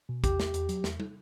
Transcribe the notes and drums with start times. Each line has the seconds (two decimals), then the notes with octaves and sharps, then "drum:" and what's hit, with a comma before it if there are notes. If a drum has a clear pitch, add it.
0.09 B2
0.24 E2 G4, drum: kick, hi-hat
0.40 E2, drum: snare
0.54 E2, drum: hi-hat
0.69 F#3, drum: hi-hat
0.84 E2, drum: snare
1.00 drum: tom